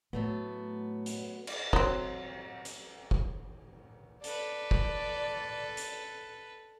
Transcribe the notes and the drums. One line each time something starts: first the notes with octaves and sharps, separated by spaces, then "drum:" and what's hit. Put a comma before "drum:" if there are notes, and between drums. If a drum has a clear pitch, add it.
A2 F#3 A3 B3
drum: hi-hat
drum: cymbal
F#3 C4, drum: kick
drum: hi-hat
drum: kick
A4 B4 D5, drum: hi-hat
drum: kick
drum: hi-hat